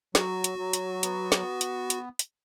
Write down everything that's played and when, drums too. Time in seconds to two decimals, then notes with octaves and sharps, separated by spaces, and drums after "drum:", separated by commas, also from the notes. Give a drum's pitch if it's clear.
0.15 F#3 F#4, drum: snare
0.44 drum: hi-hat
0.58 F#3
0.73 drum: hi-hat
1.03 B3, drum: hi-hat
1.32 drum: snare
1.61 drum: hi-hat
1.90 drum: hi-hat
2.19 drum: hi-hat